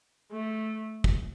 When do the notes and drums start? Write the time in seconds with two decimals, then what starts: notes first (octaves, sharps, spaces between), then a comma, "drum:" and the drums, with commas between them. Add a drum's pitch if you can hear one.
0.32 A3
1.04 drum: kick